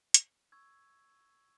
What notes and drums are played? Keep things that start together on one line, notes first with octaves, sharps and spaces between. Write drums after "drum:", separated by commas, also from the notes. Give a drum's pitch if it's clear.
drum: hi-hat
C#6 E6 G#6